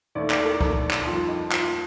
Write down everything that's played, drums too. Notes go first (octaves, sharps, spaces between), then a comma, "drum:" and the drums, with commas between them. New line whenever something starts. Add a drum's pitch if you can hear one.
D#2 D#3 A3 D5
D5, drum: clap
A4
A#4
A4, drum: kick
drum: clap
F2 D#3 G3 F4
D#4
F4, drum: clap